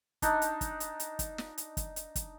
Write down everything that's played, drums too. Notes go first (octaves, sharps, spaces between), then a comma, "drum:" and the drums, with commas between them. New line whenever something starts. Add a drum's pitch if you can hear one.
D4 D#4, drum: kick, hi-hat
drum: hi-hat
drum: kick, hi-hat
drum: hi-hat
drum: hi-hat
drum: kick, hi-hat
drum: snare
drum: hi-hat
drum: kick, hi-hat
drum: hi-hat
drum: kick, hi-hat